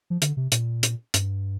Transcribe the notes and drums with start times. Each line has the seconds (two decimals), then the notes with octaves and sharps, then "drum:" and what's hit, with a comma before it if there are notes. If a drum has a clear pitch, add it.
0.10 F3
0.22 D3, drum: hi-hat
0.37 C3
0.52 A#2, drum: hi-hat
0.83 drum: hi-hat
1.14 G2, drum: hi-hat